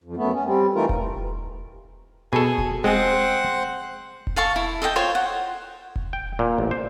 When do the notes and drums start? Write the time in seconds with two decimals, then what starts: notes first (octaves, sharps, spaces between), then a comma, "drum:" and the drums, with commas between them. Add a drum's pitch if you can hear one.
0.04 F2
0.17 F#2 A3 B3
0.33 C#4
0.45 G3 C4
0.75 E3 A3 D#4 F4 A#4
0.89 drum: kick E1
2.33 B2 G#4 A4
2.58 drum: kick E1
2.84 G#3 C4 G#4 C5 F#5
4.27 drum: kick E1
4.36 A4 F5 A5 C#6
4.56 E4
4.82 A4 D#5 F5 G5
4.96 F4 C5 C#5 G5
5.15 F#5
5.96 drum: kick E1
6.13 G5
6.39 A#2
6.58 A1
6.71 C5